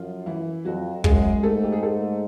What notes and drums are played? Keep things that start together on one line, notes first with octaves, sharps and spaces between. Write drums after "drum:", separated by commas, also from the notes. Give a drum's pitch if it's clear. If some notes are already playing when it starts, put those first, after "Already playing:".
Already playing: F#2 F3 F4
E3 E4
F2 F#3 F#4
F#2 G#3 G#4, drum: kick
G#2 A3 A4
G4
G#4
A3 A4